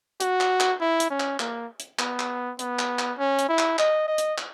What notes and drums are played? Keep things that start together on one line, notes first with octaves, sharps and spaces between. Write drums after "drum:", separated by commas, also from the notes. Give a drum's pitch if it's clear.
F#4, drum: hi-hat
drum: clap
drum: clap
E4
drum: hi-hat
C#4
drum: clap
A#3, drum: clap
drum: hi-hat
B3, drum: clap
drum: clap
B3, drum: hi-hat
drum: clap
drum: clap
C#4
drum: hi-hat
E4
drum: clap
D#5, drum: clap
D#5
drum: hi-hat
drum: clap